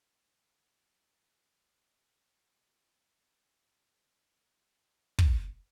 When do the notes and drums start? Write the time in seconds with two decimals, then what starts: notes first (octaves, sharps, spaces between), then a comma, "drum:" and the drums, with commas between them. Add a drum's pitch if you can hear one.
0.27 A3 A#4
2.42 C4
3.13 F3
3.93 F3 A3
4.52 C#3 A4
4.86 C3 G3
5.19 drum: kick